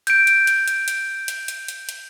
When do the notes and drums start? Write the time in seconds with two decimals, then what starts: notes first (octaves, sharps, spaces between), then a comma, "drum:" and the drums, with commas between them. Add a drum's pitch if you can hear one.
0.07 G6 D7, drum: hi-hat
0.27 drum: hi-hat
0.47 drum: hi-hat
0.68 drum: hi-hat
0.88 drum: hi-hat
1.28 drum: hi-hat
1.48 drum: hi-hat
1.68 drum: hi-hat
1.89 drum: hi-hat